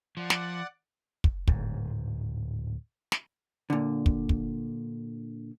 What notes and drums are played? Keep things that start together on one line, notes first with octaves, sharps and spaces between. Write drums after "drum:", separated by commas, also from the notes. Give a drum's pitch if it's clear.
F3 D5 F#5
drum: snare
drum: kick
D1 G#2, drum: kick
drum: snare
A#2 D3
drum: kick
drum: kick